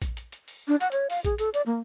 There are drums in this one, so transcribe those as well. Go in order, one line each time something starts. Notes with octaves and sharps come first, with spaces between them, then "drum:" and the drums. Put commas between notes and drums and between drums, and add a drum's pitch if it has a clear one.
drum: kick, hi-hat
drum: hi-hat
drum: hi-hat
drum: open hi-hat
D4
F#5, drum: hi-hat
C#5, drum: hi-hat
F5, drum: open hi-hat
G#4, drum: kick, hi-hat
A4, drum: hi-hat
D5, drum: hi-hat
A#3